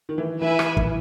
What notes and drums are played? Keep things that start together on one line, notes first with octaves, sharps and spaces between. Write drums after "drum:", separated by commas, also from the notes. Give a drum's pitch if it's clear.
D#3
E3
E3 E4 B4 E5 G#5
drum: rim click
E3, drum: kick